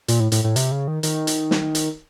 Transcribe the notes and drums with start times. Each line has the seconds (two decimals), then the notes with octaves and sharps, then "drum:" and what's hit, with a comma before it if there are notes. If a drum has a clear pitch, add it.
0.08 A#2, drum: hi-hat
0.20 A2
0.32 A2, drum: hi-hat
0.44 A2
0.56 C3, drum: hi-hat
0.71 C#3
0.88 D#3
1.03 D#3, drum: hi-hat
1.27 drum: hi-hat
1.51 drum: snare
1.75 drum: hi-hat